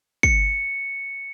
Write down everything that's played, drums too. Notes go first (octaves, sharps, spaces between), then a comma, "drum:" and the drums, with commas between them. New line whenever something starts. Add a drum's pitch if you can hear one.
C#7, drum: kick